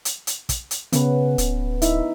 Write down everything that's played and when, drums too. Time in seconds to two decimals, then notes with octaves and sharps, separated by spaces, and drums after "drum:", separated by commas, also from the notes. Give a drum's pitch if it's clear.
0.05 drum: hi-hat
0.27 drum: hi-hat
0.49 drum: kick, hi-hat
0.71 drum: hi-hat
0.93 C#3 B3 C#4 B4, drum: hi-hat
1.38 D1, drum: hi-hat
1.82 D#4 E4 E5, drum: hi-hat